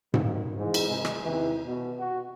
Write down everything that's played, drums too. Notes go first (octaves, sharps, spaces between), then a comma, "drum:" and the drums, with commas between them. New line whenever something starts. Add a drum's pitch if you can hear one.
F#2 D#3, drum: tom G#2
E2 G#2
drum: cymbal
C3 G#3
drum: rim click
E2 C3 D#3 E3
B2
F#4